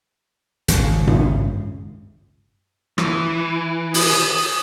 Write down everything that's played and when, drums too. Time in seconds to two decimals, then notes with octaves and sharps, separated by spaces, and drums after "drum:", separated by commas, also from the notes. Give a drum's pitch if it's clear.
0.68 G#1 C#2 C#3, drum: hi-hat
1.07 drum: tom G2
2.98 E3, drum: rim click
3.94 D#6, drum: open hi-hat